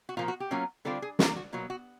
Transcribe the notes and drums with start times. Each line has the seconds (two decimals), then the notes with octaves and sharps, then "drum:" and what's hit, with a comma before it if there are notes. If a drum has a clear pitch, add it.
0.09 F#4
0.17 A#2 F3 A#3 F4
0.28 F#4
0.40 G4
0.51 F#3 A#3 C#4 F4
0.85 D3 G3 C4 F4 A4
1.02 G#4
1.19 F#3 A#3 D4 F#4, drum: snare
1.36 F#4
1.52 B2 F#3 A#3 F4
1.70 F#4